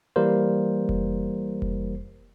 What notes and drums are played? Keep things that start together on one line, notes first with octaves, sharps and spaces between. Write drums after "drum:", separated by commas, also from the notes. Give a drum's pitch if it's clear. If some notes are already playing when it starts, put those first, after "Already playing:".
E3 G3 A#3 A#4 C5
drum: kick F1
drum: kick F1